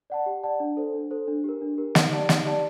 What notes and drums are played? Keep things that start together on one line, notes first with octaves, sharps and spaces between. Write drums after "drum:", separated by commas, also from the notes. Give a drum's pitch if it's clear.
D5 F#5 A5
G4
D5 F#5 A5
D4
A4 C5
D4
A4 C5
D4
G4 A#4
D4
G4 A#4
D#4, drum: snare
G4 D5 A5
D#4, drum: snare
G4 D5 A5